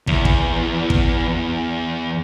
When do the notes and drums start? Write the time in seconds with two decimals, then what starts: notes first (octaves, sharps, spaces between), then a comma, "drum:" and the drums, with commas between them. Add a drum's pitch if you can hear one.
0.07 E2 E3, drum: kick
0.25 drum: kick
0.90 drum: kick